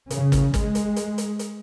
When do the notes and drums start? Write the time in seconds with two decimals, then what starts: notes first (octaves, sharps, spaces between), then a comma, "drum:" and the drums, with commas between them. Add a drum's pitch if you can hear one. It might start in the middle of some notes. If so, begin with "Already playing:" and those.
0.10 C#3, drum: hi-hat
0.32 drum: kick, hi-hat
0.54 G#3, drum: kick, hi-hat
0.75 drum: hi-hat
0.96 drum: hi-hat
1.18 drum: hi-hat
1.39 drum: hi-hat